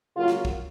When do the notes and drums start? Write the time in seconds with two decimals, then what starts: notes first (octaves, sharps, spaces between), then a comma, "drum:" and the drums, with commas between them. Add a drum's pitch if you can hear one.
0.16 C#3 F#3 A#3 F4
0.28 drum: snare
0.45 drum: kick